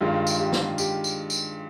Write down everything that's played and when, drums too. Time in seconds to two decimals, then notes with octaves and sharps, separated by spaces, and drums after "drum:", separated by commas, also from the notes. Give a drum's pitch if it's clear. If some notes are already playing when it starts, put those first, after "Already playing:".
0.01 G2 D#3 G#3 F4
0.27 drum: tambourine
0.39 G4
0.52 drum: snare
0.78 G4, drum: tambourine
1.04 drum: tambourine
1.30 drum: tambourine